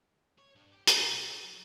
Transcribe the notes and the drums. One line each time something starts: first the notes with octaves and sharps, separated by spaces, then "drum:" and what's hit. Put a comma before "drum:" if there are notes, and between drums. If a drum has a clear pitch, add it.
C#5
G2
G4
D3, drum: hi-hat
B1
F#4
D5
F#3